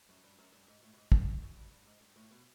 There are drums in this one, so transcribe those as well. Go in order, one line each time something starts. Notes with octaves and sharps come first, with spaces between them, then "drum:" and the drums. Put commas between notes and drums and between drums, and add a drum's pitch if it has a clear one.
F#2
G2
F#2
G2
G#2
A2
A2
G#2
G2, drum: kick
F#2
F#2
G2
G2
G#2
G2
A2
B2